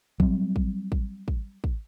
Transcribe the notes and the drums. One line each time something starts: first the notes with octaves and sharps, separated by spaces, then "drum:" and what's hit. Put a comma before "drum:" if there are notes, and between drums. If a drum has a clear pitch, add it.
F#3 G3 C4, drum: kick
drum: kick
drum: kick
drum: kick
drum: kick